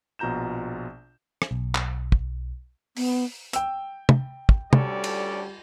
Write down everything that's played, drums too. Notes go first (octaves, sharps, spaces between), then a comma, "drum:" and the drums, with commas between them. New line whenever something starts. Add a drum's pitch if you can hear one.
A#1 B2 F4 A#5 G6 E7
drum: rim click
B1
drum: clap
drum: kick
B3, drum: open hi-hat
G5 E6, drum: hi-hat
drum: tom
drum: kick
D2 G3 C#4 A4 D5, drum: tom
drum: cymbal